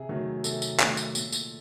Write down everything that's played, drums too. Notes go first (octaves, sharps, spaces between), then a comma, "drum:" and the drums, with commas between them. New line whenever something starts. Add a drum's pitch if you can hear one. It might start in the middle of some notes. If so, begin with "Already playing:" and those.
Already playing: C3 G#4
D#3 F#3 A3
C3 A4, drum: tambourine
drum: tambourine
D#3 F#3 A3, drum: clap
drum: tambourine
A#2, drum: tambourine
drum: tambourine